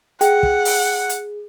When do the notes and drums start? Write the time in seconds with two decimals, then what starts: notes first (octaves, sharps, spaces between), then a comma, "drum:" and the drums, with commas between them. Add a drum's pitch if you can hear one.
0.21 G#4 F#5 G5, drum: hi-hat
0.43 drum: kick
0.65 drum: open hi-hat
1.09 drum: hi-hat